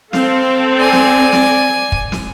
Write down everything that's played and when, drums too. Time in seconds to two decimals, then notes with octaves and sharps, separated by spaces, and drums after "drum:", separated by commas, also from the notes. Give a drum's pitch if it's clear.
0.13 C4 A4 F5, drum: snare
0.80 D5 G#5
0.93 drum: snare
1.32 drum: snare
1.92 drum: kick
2.12 drum: snare